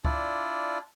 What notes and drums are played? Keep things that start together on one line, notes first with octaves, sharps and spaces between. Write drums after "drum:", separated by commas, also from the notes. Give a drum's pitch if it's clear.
D4 E4 F4 D5, drum: kick C#2